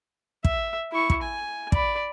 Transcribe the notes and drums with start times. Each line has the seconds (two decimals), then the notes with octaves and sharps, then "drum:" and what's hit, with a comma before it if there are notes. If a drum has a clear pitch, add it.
0.44 E5, drum: kick
0.92 E4 C#6
1.10 drum: kick
1.22 G#5
1.72 D5 B5, drum: kick